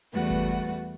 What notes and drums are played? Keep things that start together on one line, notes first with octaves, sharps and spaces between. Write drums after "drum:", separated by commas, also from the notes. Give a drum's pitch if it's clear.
E2 G3 A3 F#4 B4 F#5, drum: hi-hat
drum: kick G1, hi-hat
drum: open hi-hat
drum: hi-hat